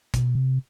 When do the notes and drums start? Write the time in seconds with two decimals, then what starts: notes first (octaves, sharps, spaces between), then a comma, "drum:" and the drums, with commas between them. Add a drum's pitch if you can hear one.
0.14 B2, drum: kick, hi-hat
0.35 C3